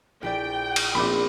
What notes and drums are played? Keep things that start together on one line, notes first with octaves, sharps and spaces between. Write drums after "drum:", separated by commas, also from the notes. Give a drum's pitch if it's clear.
A#1 E4 D5 G5
drum: cymbal
A#1 B3 C4 E5 B5 D6